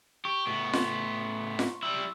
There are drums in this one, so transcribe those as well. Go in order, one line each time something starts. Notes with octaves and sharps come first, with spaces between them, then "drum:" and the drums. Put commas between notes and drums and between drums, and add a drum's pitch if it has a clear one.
G4 C#6
A2 B3
C6, drum: snare F4
drum: snare F4
G3 E4 E6